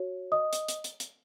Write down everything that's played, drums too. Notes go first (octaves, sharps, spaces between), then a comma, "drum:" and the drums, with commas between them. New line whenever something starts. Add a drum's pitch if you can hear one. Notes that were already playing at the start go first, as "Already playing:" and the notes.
Already playing: F#4 C#5
D#5 D#6
drum: hi-hat
drum: hi-hat
drum: hi-hat
drum: hi-hat